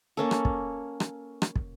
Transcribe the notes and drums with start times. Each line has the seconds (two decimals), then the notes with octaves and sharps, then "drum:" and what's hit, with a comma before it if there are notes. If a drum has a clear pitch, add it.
0.17 A#3 C#4 A4
0.31 drum: rim click
0.45 drum: kick
1.00 drum: rim click
1.42 drum: rim click
1.56 drum: kick